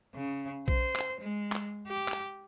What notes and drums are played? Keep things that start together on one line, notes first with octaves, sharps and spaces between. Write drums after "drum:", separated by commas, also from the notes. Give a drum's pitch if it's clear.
C#3
C5, drum: kick A#1
drum: clap
G#3
drum: clap
G4
drum: clap